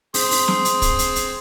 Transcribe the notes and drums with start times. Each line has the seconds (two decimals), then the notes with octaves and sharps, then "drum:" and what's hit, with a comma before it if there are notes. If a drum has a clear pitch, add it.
0.14 C4 G#4 C6, drum: open hi-hat
0.31 drum: open hi-hat
0.48 drum: snare
0.65 drum: hi-hat
0.82 drum: kick, hi-hat
0.99 drum: hi-hat
1.16 drum: hi-hat